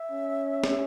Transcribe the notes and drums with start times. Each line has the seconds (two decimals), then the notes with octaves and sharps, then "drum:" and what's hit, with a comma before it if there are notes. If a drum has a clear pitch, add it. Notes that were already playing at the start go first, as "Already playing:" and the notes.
Already playing: E5
0.11 C#4
0.64 drum: snare